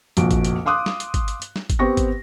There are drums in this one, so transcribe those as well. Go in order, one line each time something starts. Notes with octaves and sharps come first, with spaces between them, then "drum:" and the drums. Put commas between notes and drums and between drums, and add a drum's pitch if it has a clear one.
F1 A#1 F#4 D7, drum: hi-hat
drum: kick G#1, hi-hat
drum: hi-hat
F5 C6 D6 D#6 F#6
drum: snare
drum: hi-hat
drum: kick G#1, hi-hat
drum: hi-hat
drum: hi-hat
drum: snare
drum: kick G#1, hi-hat
B3 C4 G4 C#6 A#6
drum: kick G#1, hi-hat